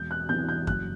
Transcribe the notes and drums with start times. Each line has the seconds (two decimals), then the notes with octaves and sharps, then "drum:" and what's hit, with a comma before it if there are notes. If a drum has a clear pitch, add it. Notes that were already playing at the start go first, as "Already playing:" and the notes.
Already playing: E1 G6
0.11 F#6
0.29 E2 C3 E3 G6
0.49 G6
0.67 F#1 F#6, drum: kick F#2